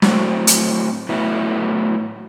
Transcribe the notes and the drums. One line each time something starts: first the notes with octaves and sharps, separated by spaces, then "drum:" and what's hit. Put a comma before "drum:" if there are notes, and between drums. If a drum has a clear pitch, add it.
A2 F#3 C4, drum: snare
drum: hi-hat
A2 F#3 B3 E4